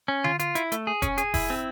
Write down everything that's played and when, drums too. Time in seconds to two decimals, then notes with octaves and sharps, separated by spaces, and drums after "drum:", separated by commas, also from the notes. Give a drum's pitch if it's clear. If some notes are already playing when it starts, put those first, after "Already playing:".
0.08 C#4
0.24 F4, drum: tom D3
0.40 F4, drum: hi-hat
0.55 E4, drum: hi-hat
0.72 A3, drum: hi-hat
0.87 G#4
1.02 C#4, drum: kick F1, hi-hat
1.18 G#4, drum: hi-hat
1.34 E4, drum: kick F1, open hi-hat
1.50 C4